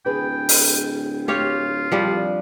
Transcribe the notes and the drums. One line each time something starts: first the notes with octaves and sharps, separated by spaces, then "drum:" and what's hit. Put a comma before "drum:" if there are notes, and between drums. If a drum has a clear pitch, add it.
D1 G#4 B4 G5
drum: open hi-hat
F4 G4 C#5 F5
C2 F3 G3 D4